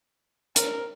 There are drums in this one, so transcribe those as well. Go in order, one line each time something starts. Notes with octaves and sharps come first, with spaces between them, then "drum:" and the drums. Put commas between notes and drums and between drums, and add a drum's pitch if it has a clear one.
A#4, drum: hi-hat